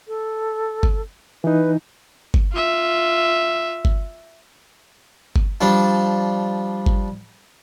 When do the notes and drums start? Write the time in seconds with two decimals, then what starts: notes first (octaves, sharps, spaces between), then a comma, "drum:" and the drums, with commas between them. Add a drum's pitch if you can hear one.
0.08 A4
0.83 drum: kick G1
1.44 E3 D#4 B4
2.34 drum: kick G1
2.53 F4 E5
3.85 drum: kick G1
5.36 drum: kick G1
5.61 F3 G3 D4
6.86 drum: kick G1